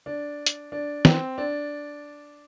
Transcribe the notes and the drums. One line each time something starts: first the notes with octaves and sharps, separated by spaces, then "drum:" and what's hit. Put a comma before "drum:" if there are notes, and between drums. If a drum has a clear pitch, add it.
D4
drum: hi-hat
D4
C4, drum: snare
D4